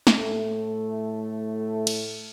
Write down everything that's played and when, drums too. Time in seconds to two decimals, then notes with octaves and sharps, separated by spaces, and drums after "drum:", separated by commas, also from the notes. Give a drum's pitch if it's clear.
0.07 drum: snare
0.17 A2 A3
1.87 drum: cymbal